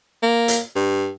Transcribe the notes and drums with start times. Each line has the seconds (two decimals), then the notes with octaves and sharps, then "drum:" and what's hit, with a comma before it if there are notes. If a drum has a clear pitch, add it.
0.23 A#3
0.48 drum: hi-hat
0.76 G2